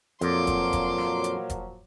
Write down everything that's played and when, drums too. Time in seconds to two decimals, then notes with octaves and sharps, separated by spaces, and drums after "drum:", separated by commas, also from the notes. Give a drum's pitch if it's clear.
0.21 F2 A#2 F3 F#3 C6 D6, drum: hi-hat
0.47 drum: kick E1, hi-hat
0.73 drum: kick E1, hi-hat
0.98 drum: snare
1.24 drum: hi-hat
1.50 drum: kick E1, hi-hat